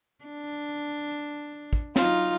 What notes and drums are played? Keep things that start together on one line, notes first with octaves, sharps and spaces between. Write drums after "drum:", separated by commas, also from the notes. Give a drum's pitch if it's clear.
D4
drum: kick
F#3 D#4 F4, drum: snare